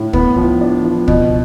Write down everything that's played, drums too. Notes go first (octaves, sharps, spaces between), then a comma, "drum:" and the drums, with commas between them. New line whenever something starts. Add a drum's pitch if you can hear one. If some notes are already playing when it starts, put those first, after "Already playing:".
Already playing: A2
B3, drum: kick
F3
D4
F3
B2, drum: kick